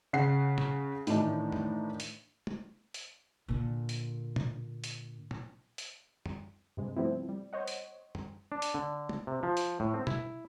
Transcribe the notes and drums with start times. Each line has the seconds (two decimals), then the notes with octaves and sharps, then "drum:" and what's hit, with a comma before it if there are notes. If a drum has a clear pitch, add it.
0.13 C#3 F#5 C7
0.58 drum: tom
1.07 A2 D#3 E3 D4 D#4, drum: hi-hat
1.52 drum: tom
2.00 drum: hi-hat
2.47 drum: tom
2.94 drum: hi-hat
3.48 A#2 D3
3.89 drum: hi-hat
4.36 drum: tom
4.84 drum: hi-hat
5.31 drum: tom
5.78 drum: hi-hat
6.26 drum: tom
6.77 G2 C3 G#3
6.97 F3 G3 A3 B3 C4 E4
7.29 G3
7.53 C5 C#5 D#5 F#5
7.67 drum: hi-hat
8.15 drum: tom
8.52 D4
8.62 drum: hi-hat
8.74 D3
9.09 drum: tom
9.27 C3
9.43 F3
9.57 drum: hi-hat
9.80 A2
9.94 C4
10.07 E4, drum: tom